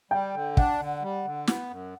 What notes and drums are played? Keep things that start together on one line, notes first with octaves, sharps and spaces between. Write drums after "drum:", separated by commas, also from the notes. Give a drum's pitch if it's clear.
G3 G5
D3
D4 F#5, drum: kick
D3
G3
D3
B3, drum: snare
F#2